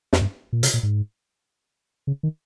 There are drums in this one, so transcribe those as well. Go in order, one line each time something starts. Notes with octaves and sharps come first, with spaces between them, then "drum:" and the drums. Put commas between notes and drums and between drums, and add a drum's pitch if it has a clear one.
F2, drum: snare
G2
A#2
C3, drum: hi-hat
A#2
G#2
C#3
D#3